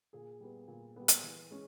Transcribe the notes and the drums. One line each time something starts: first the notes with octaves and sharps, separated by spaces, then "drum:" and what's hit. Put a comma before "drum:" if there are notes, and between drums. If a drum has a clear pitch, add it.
A#2 G#4
G3 B3
A#2
G3 B3
drum: hi-hat
E3
G#3 C#4